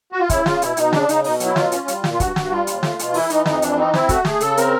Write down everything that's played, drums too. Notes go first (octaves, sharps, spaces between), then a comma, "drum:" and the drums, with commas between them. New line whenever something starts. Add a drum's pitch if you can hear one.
F#4
F4
C#3 E4, drum: kick, hi-hat
C#3 F4, drum: snare
B2 E4, drum: hi-hat
B2 D#4, drum: hi-hat
C#3 D4, drum: snare
C#3 D#4, drum: hi-hat
B2 D#4, drum: open hi-hat
F#3, drum: hi-hat
E4
B2 F4, drum: snare
C#4, drum: hi-hat
G3, drum: hi-hat
A#2, drum: snare
F4
G2 F#4, drum: kick, hi-hat
G2, drum: snare
G3 F4
D#2, drum: hi-hat
A3, drum: snare
B2, drum: hi-hat
E3 E4, drum: open hi-hat
E3 D#4, drum: hi-hat
F2 D#4, drum: snare
E3 D4, drum: hi-hat
C4 D#4
C4 E4, drum: snare
A3 F#4, drum: kick, hi-hat
A3 G#4, drum: snare
C#3 A4, drum: hi-hat
C4 A#4, drum: hi-hat